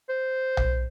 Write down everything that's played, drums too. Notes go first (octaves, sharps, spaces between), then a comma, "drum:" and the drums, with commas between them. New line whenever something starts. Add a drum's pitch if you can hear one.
C5
drum: tom B1